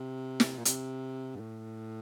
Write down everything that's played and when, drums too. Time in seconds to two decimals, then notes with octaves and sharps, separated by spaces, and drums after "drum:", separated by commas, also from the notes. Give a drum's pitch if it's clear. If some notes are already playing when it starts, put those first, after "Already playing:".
Already playing: C3
0.40 drum: snare
0.58 A#2
0.65 C3, drum: hi-hat
1.36 G2
1.40 A2